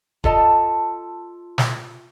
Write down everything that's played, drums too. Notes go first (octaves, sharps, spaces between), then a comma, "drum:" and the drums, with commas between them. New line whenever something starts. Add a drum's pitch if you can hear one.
F4 A4 D#5 A5, drum: kick D#1
drum: snare